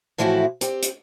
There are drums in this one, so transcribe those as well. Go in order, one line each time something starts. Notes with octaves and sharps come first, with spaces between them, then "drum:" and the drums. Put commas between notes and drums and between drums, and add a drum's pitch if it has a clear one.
A2 E3 F3 A3 E4 F#4
C4 G4, drum: hi-hat
drum: hi-hat